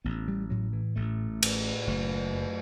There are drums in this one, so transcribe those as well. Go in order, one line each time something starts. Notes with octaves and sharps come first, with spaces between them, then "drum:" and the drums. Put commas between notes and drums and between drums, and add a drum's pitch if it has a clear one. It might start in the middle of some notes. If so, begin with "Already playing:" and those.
A1 B3
G3
A2 F#3
E3
A1 A3
A2, drum: cymbal
F#1 A3
F#2